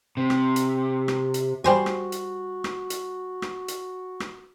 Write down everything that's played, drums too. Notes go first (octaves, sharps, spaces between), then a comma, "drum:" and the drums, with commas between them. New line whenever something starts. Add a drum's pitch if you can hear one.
C3
drum: rim click
drum: hi-hat
drum: rim click
drum: hi-hat
G3 F#4 C5 G#5
drum: rim click
drum: hi-hat
drum: rim click
drum: hi-hat
drum: rim click
drum: hi-hat
drum: rim click